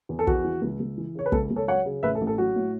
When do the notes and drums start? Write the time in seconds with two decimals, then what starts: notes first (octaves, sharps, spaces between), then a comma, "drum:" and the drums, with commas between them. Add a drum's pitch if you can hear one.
0.09 E2
0.19 A4
0.27 E2 F#4, drum: kick
0.44 E3
0.62 C#2
0.80 C#2
0.98 E3
1.15 C#3 C#5
1.26 B4
1.32 C#2 A4, drum: kick
1.51 C#2
1.56 A4 C#5
1.68 F#3 C#5 F#5
1.85 C#3
2.03 A1 B4 E5
2.15 A4
2.21 A1
2.27 A4
2.38 F#3 F#4
2.56 A2